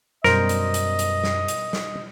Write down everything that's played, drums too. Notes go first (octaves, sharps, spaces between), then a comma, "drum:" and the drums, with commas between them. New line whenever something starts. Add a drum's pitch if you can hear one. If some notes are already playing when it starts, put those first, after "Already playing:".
F#2 B2 G3 A#4 C5 D#5, drum: snare
drum: hi-hat
drum: hi-hat
drum: hi-hat
drum: snare
drum: hi-hat
drum: snare